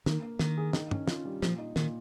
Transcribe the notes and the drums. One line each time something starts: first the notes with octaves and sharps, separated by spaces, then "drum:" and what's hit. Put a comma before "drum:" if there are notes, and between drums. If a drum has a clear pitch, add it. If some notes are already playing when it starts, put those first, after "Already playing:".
D#3 A#3, drum: snare
A#3
D#3 A#3, drum: snare
G#4
D#3, drum: snare
C#4, drum: tom
F4, drum: snare
G3
A#2 F3, drum: snare
D#4
A#2 D#3, drum: snare